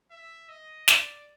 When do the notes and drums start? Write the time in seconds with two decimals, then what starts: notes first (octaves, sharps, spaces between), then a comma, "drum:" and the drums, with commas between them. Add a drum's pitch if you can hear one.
0.11 E5
0.49 D#5
0.88 D5, drum: snare